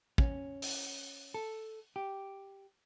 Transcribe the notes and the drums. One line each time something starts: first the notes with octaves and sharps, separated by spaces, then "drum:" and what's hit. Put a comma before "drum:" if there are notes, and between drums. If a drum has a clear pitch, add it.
C#4, drum: kick
drum: open hi-hat
A4
G4